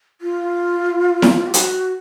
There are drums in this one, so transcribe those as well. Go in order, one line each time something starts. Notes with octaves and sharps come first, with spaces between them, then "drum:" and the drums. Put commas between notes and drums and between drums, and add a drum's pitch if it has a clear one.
F4
drum: snare E4
G4
F#4, drum: hi-hat